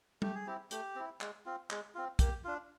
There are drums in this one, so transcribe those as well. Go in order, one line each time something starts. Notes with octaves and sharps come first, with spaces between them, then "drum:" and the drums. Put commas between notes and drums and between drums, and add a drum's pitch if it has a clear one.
A3 G4, drum: tom G3
G#4
C4 E4 G4
A3 G4, drum: hi-hat
C4 E4
G#3, drum: clap
C4 F4
G#3, drum: clap
C4 F4
A#3 G4, drum: kick, hi-hat
D4 F4